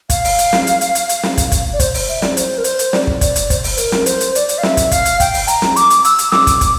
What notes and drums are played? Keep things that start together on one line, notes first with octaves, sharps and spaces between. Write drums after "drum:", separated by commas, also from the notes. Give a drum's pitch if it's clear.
F5, drum: kick, hi-hat
drum: open hi-hat
drum: hi-hat
drum: snare
drum: hi-hat
drum: hi-hat
drum: hi-hat
drum: hi-hat
drum: snare
drum: kick, hi-hat
drum: kick, hi-hat
D5
C5, drum: kick, hi-hat
drum: open hi-hat
E5
D5, drum: snare
C5, drum: hi-hat
A#4
C5, drum: hi-hat
drum: hi-hat
D5, drum: snare
drum: kick
D5, drum: kick, hi-hat
drum: hi-hat
C5, drum: kick, hi-hat
drum: open hi-hat
A#4, drum: hi-hat
drum: snare
C5, drum: hi-hat
drum: hi-hat
D5, drum: hi-hat
drum: hi-hat
F5
E5, drum: snare
drum: kick, hi-hat
F5, drum: kick, hi-hat
drum: hi-hat
G5, drum: kick, hi-hat
drum: open hi-hat
A#5, drum: hi-hat
drum: snare
D6, drum: hi-hat
drum: hi-hat
E6, drum: hi-hat
drum: hi-hat
D6, drum: snare
drum: kick, hi-hat
drum: kick, hi-hat